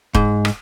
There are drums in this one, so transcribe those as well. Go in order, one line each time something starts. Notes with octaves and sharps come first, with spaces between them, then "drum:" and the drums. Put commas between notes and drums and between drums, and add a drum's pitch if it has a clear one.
G#2, drum: kick F1
drum: rim click